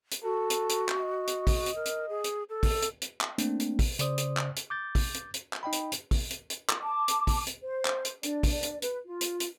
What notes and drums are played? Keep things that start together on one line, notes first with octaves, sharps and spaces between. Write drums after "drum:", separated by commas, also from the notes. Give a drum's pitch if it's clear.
drum: hi-hat
F#4 A4
drum: hi-hat
drum: hi-hat
drum: clap
D#5
drum: hi-hat
drum: kick, open hi-hat
drum: hi-hat
A#4
drum: hi-hat
G#4
drum: hi-hat
A4
drum: kick, open hi-hat
drum: hi-hat
drum: hi-hat
drum: clap
A3 A#3 C4 D4, drum: hi-hat
drum: hi-hat
drum: kick, open hi-hat
C#3 C5 D5 D#6, drum: hi-hat
drum: hi-hat
drum: clap
drum: hi-hat
D6 G6 A6
drum: kick, open hi-hat
drum: hi-hat
drum: hi-hat
drum: clap
D#4 D#5 G5 B5
drum: hi-hat
drum: hi-hat
drum: kick, open hi-hat
drum: hi-hat
drum: hi-hat
drum: clap
A5 D6
drum: hi-hat
drum: kick, open hi-hat
drum: hi-hat
C5
drum: clap
drum: hi-hat
D4 D5, drum: hi-hat
drum: kick, open hi-hat
drum: hi-hat
B4, drum: hi-hat
F4
drum: hi-hat
drum: hi-hat